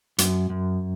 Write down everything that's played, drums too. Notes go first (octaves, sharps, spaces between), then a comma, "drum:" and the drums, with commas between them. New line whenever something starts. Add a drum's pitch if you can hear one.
F#2, drum: hi-hat
F#2